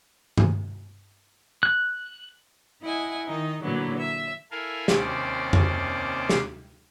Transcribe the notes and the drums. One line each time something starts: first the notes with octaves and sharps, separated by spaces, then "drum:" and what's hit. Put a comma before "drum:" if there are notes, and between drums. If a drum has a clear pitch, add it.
drum: tom G2
F#6
E4 D#5 F#5 G#5
D#3 D#4 D#5
A#2 D3 E3 F#3 B3
E5
E4 A4 A#4 F5 G#5
D#2 C3 C#4 C5 D5, drum: snare
drum: tom F2
drum: snare